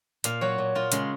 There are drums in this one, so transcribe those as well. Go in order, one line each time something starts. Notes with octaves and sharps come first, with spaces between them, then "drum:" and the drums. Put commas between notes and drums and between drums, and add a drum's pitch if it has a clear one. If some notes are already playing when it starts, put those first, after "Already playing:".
A#2 F5, drum: hi-hat
F#3 C#5
A#2
A#2 F4
C#3 G#3, drum: hi-hat